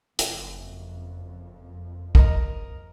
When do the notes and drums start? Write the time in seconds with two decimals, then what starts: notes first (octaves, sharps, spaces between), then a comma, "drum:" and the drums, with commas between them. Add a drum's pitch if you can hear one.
0.19 F#1 F2, drum: hi-hat
2.15 A#4 D#5 A#5, drum: kick